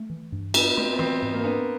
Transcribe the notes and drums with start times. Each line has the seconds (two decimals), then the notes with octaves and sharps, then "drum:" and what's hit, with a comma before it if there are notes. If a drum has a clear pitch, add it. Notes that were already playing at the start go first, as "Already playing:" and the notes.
Already playing: A3
0.10 E3
0.32 G2
0.54 B3 D4, drum: cymbal
0.77 A3 C4
0.93 B3
0.99 E3 C4
1.22 G#2
1.34 A#3
1.44 B3 D4